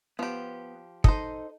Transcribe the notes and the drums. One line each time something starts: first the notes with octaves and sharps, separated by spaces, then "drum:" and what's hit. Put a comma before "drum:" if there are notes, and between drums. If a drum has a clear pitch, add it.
F3 B3 G4
D#4 A4 C5 D#5, drum: kick